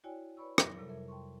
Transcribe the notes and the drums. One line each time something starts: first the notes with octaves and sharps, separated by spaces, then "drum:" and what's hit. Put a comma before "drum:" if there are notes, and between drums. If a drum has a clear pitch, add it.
E4 F#4 C#5 D5 G5 G#5
B4 C#5 D5 B5 C#6 E6
F#3 A#6, drum: rim click
C3 G3 A4 A#4
F2 A#4 E5
G5 A5 C6 C#6